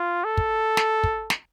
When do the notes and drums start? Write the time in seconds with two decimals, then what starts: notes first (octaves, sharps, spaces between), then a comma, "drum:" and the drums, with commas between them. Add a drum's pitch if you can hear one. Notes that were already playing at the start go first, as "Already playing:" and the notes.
Already playing: F4
0.24 A4
0.37 drum: kick
0.77 drum: snare
1.04 drum: kick
1.30 drum: snare